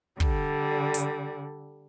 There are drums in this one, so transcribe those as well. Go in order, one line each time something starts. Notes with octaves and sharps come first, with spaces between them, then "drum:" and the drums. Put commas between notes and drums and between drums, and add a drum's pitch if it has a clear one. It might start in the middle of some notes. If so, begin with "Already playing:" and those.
D3 G3, drum: kick
drum: hi-hat